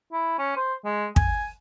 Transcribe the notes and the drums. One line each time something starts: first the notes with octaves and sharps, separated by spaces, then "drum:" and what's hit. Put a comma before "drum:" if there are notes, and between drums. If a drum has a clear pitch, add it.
E4
C#4
C5
G#3
G#5, drum: kick